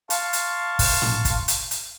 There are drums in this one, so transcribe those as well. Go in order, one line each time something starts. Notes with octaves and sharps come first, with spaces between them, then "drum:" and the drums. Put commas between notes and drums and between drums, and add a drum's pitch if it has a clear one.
F5 A5 C6 C#6, drum: hi-hat
drum: hi-hat
drum: kick, open hi-hat
drum: tom A2
drum: kick, hi-hat
drum: hi-hat
drum: hi-hat